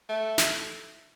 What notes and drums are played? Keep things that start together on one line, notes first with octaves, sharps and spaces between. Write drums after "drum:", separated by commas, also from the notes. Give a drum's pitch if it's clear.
A3
drum: snare